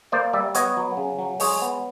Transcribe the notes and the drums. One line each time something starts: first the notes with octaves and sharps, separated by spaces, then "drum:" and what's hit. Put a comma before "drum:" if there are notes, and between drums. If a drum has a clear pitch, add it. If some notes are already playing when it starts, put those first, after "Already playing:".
A#3 C5 D5
G3 D5 E5
B3 C#5 D#5, drum: hi-hat
F#3
C#3
F#3
G#3 C#5 D#5, drum: open hi-hat
B3